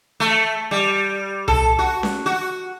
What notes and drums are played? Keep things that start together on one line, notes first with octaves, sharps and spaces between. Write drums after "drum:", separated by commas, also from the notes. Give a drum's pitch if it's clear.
A3
G3
A4, drum: tom C2
F#4
drum: snare C#4
F#4